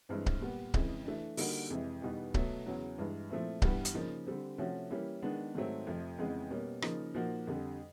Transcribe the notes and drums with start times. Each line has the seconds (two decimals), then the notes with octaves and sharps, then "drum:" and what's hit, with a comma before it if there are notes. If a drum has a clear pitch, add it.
0.09 G2 E3 G#3 C4
0.26 drum: kick C#1
0.41 A#2 G3 B3
0.74 F2 C#3 E3 G#3, drum: kick C#1
1.05 E3 A3 D4
1.37 D3 G3 A#3 D#4 F#4, drum: open hi-hat
1.70 F2 C3 E3 G#3
2.02 E2 B2 G3 B3 D#4
2.34 B2 F#3 A3, drum: kick C#1
2.66 E2 C#3 F#3
2.98 G2 E3 G#3
3.30 A#2 F3 A3 C4 E4
3.62 G2 E3 G3 B3, drum: kick C#1
3.85 drum: hi-hat
3.94 C#3 F3 A#3 D#4
4.27 D3 G3 C4
4.58 C3 F3 A3 C#4 F#4
4.90 E3 G3 A#3 C#4 E4
5.22 D#3 G#3 B3 D4
5.55 G#2 D#3 F#3 A3 C4
5.87 F2 C3 F3 A3
6.18 F2 C#3 E3 G#3 B3
6.50 B2 G3 A#3 C#4
6.82 C#3 F3 A#3 D#4, drum: rim click
7.14 A#2 F3 A#3 D#4 F#4
7.47 F2 D3 G3